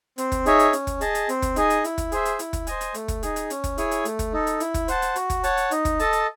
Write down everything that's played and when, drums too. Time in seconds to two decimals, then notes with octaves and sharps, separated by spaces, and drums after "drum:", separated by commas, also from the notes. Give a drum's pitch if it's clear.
0.18 C4, drum: hi-hat
0.32 drum: kick, hi-hat
0.46 D#4 G#4 C#5 E5, drum: hi-hat
0.59 drum: hi-hat
0.73 C#4, drum: hi-hat
0.87 drum: kick, hi-hat
1.01 G#4 D#5 A5, drum: hi-hat
1.15 drum: hi-hat
1.29 C4, drum: hi-hat
1.42 drum: kick, hi-hat
1.56 D#4 G#4 D#5 G#5, drum: hi-hat
1.70 drum: hi-hat
1.84 E4, drum: hi-hat
1.98 drum: kick, hi-hat
2.12 G#4 C5 E5, drum: hi-hat
2.25 drum: hi-hat
2.39 E4, drum: hi-hat
2.53 drum: kick, hi-hat
2.67 C5 D#5 G#5, drum: hi-hat
2.81 drum: hi-hat
2.94 A3, drum: hi-hat
3.08 drum: kick, hi-hat
3.23 D#4 G#4, drum: hi-hat
3.36 drum: hi-hat
3.50 C#4, drum: hi-hat
3.64 drum: kick, hi-hat
3.78 E4 G#4 C#5 G#5, drum: hi-hat
3.91 drum: hi-hat
4.05 A3, drum: hi-hat
4.19 drum: kick, hi-hat
4.33 D#4 A4
4.47 drum: hi-hat
4.60 E4, drum: hi-hat
4.74 drum: kick, hi-hat
4.88 C5 F#5 A5, drum: hi-hat
5.02 drum: hi-hat
5.16 F#4, drum: hi-hat
5.30 drum: kick, hi-hat
5.44 C#5 F#5 A5, drum: hi-hat
5.57 drum: hi-hat
5.71 D#4, drum: hi-hat
5.85 drum: kick, hi-hat
5.99 A4 D#5 A5, drum: hi-hat
6.13 drum: hi-hat